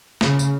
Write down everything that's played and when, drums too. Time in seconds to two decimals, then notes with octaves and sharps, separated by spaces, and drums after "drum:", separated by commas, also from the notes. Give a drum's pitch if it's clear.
0.21 C#3, drum: snare
0.39 drum: tambourine